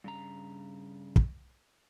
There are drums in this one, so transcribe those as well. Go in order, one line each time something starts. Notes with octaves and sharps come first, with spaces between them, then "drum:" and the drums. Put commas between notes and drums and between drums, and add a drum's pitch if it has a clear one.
G2 C#3 A#5
drum: kick